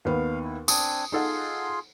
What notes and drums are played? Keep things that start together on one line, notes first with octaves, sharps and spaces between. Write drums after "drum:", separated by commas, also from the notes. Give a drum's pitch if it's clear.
D#2 D#3 B3 F5
E4
C4 D4 G#5 D#6, drum: tambourine
D#4 F4 G#4 A4 F#5 C6